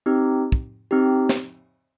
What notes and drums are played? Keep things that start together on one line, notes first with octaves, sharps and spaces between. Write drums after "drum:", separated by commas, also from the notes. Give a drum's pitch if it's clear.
C4 D#4 G4
drum: kick
C4 D#4 G4
drum: snare